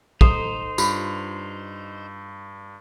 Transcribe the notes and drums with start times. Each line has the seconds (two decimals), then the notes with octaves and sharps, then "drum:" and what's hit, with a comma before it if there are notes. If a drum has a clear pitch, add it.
0.21 D#4 A4 C5, drum: kick
0.78 G2 F4, drum: tambourine